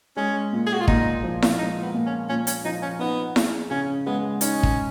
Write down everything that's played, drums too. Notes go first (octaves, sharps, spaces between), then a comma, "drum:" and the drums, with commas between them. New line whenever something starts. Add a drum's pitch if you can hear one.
G#3 C#4
A#2
G#4
F#4
F4
A#2 D#4, drum: kick
F3
drum: snare E4
G#3 D#4
B3
A#2
C#4
A#2 C#4
C#4, drum: hi-hat
F3 D#4
C#4
B3 D#4
G#4, drum: snare E4
C#3 C#4
G#3 B3
C#4 D#4, drum: hi-hat
drum: kick